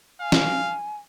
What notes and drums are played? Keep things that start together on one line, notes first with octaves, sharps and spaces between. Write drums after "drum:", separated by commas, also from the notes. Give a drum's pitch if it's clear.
F5 G#5
drum: snare